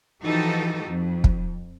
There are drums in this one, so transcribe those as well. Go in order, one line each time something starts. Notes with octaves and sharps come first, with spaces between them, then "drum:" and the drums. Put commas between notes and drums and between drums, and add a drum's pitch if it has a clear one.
E3 F3 D#4 F#4 G4 A4
F2
drum: kick